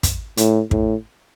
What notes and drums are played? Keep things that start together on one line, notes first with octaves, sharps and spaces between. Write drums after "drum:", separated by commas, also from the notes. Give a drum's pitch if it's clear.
drum: kick, hi-hat
A2, drum: hi-hat
A2, drum: kick